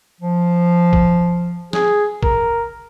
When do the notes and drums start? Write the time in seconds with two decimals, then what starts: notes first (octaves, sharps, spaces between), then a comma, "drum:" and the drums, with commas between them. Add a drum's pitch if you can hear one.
0.21 F3
0.93 drum: kick
1.73 G#4, drum: snare
2.23 A#4, drum: kick